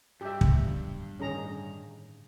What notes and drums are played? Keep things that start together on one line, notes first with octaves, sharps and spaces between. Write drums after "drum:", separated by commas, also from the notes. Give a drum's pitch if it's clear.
G2 G4 E5
drum: kick
A2 D3 D#3 C#4 G#4 A#5